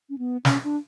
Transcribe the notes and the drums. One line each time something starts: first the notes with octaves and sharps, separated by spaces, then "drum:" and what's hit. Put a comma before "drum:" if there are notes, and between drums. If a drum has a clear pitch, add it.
C#4
B3
C#4, drum: snare
D4